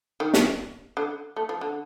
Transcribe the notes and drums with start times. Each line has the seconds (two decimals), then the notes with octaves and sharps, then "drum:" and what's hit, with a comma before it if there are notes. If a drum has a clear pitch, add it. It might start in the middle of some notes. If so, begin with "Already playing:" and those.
0.20 D#3
0.34 drum: snare
0.97 D3
1.36 A3
1.49 F3
1.61 D3